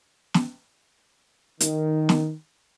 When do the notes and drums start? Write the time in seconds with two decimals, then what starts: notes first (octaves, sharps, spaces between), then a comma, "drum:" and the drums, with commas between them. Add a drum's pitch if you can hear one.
0.34 drum: snare
1.60 D#3, drum: hi-hat
2.09 drum: snare